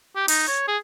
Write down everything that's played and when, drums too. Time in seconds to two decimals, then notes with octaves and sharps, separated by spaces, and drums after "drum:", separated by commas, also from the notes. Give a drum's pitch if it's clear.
0.16 G4
0.28 D#4, drum: open hi-hat
0.48 C#5
0.68 G#4